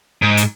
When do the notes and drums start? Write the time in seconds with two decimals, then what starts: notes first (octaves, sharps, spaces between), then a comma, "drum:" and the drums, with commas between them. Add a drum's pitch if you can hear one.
0.22 G#2
0.37 drum: hi-hat